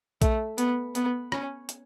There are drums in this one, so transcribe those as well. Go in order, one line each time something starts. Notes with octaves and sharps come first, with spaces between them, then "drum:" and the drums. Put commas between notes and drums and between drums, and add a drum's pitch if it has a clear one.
A3, drum: kick A#1, hi-hat
B3, drum: hi-hat
B3, drum: hi-hat
C#4, drum: rim click
drum: hi-hat